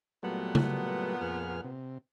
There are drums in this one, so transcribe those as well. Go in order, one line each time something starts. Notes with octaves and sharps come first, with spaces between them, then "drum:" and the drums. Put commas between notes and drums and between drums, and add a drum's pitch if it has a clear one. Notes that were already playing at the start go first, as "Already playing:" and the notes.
A#2 F#3 G3 A3 B3
drum: tom C#3
F2 G#4 F6
C3